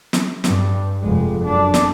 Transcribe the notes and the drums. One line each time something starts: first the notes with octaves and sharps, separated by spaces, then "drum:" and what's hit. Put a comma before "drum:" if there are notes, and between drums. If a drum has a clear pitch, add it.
drum: snare
G2, drum: snare
F1 G#3
F#2 D4
drum: snare